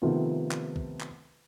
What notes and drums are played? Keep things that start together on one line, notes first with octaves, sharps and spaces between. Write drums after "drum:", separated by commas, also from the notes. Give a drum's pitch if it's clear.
C3 D#3 F3 A3 B3 F4
drum: clap
drum: kick
drum: clap